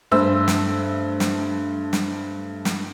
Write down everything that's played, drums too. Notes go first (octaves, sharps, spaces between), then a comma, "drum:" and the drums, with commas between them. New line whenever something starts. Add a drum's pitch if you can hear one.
G2 A3 C5 E6
drum: snare
drum: snare
drum: snare
drum: snare